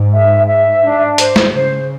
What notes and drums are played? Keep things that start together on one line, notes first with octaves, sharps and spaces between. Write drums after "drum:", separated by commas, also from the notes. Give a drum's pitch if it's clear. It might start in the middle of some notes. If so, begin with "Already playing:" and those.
Already playing: G#2
E5
E5
D4
C5, drum: hi-hat
drum: snare G#3
C#3 C5